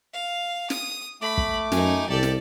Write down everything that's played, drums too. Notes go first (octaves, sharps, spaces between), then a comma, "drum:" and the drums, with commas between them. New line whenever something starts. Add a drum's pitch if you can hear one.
F5
D#6, drum: snare
A3 B5 D6
drum: kick
F#2 D#4 G#5, drum: snare
C2 G4 A4 D5
drum: snare